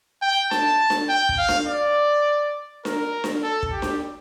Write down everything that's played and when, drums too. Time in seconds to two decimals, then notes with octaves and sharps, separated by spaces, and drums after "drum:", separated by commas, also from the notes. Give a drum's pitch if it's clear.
0.22 G5
0.51 A5, drum: snare D4
0.90 drum: snare D4
1.09 G5
1.29 drum: kick
1.38 F5
1.48 drum: snare D4
1.68 D5
2.85 A#4, drum: snare D4
3.24 drum: snare D4
3.43 A4
3.63 drum: kick
3.72 G4
3.82 drum: snare D4